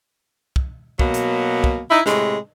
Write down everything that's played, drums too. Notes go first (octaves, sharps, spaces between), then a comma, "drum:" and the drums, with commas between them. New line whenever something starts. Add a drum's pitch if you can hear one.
drum: kick
B2 F#3 A#3, drum: kick
drum: hi-hat
drum: kick
D#4 E4
A2 C3 G#3, drum: snare